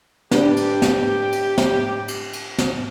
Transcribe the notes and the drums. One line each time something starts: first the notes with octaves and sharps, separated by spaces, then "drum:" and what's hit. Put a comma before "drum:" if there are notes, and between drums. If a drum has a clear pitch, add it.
D4 G4 B4, drum: snare
drum: cymbal
drum: snare
drum: cymbal
drum: snare
drum: cymbal
drum: cymbal
drum: snare